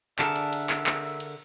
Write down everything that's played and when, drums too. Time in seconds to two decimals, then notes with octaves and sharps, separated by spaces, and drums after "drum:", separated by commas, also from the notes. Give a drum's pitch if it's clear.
0.19 D3 D4 G#4 A#4 E5 A5, drum: clap
0.36 drum: cymbal
0.53 drum: cymbal
0.70 drum: clap
0.86 drum: clap
1.20 drum: cymbal